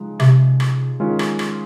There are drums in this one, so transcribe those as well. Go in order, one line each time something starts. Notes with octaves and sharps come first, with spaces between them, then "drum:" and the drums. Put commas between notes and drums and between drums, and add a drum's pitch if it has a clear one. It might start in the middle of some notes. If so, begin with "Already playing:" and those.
Already playing: C#3 F3 G#3 D#4
C3, drum: rim click
drum: rim click
D#3 G#3 C#4 F4
drum: rim click
drum: rim click